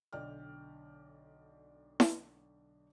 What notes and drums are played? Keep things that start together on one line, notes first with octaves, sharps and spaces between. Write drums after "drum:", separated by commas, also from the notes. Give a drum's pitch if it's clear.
B1 D3 D5 D#5 G5 F6
drum: snare E4